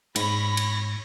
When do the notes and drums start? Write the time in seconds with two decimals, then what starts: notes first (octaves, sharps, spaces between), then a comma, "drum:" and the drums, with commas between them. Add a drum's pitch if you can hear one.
0.16 G#2 C#5 B5 A#6, drum: cymbal
0.57 drum: cymbal